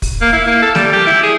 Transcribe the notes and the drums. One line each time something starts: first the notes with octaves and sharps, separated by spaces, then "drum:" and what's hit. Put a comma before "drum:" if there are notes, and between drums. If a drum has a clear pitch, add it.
drum: kick, open hi-hat
A#3
E4
A#3
A4
G3, drum: snare
G4
E4
G#4